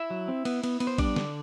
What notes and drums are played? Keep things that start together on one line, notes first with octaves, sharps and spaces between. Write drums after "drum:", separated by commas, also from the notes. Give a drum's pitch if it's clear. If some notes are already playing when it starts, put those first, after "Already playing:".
Already playing: E4 E5
F#3
C4
B3, drum: cymbal
B3, drum: cymbal
B3, drum: cymbal
C5
G3 D4 D5, drum: kick A1, cymbal
D3, drum: snare